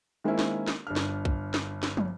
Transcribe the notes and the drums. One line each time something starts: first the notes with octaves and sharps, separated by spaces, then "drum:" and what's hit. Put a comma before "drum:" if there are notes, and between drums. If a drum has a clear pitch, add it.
D#3 G#3 A#3 C4 C#4 E4
drum: snare
drum: snare
G1 D4 F6
drum: snare
drum: kick
drum: snare
drum: snare
drum: tom